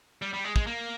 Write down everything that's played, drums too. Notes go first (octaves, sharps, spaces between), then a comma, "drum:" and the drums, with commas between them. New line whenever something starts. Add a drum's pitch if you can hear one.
G3
G3
G#3
G#3, drum: kick
A#3